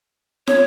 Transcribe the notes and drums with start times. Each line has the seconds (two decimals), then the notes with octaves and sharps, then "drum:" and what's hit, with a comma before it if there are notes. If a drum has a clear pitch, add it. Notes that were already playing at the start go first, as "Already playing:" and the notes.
0.47 C#5, drum: snare